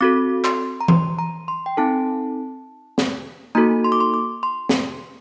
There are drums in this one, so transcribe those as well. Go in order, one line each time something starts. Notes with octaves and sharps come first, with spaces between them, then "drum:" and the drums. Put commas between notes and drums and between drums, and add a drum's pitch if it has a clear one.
C4 F#4 A4 D6
C6, drum: clap
A#5
C6, drum: tom E3
A#5
C6
G5
C4 D#4 A4 A5
drum: snare C4
A#3 D#4 F#4 A4 A#5
C6
D6
C6
D6
C6
drum: snare C4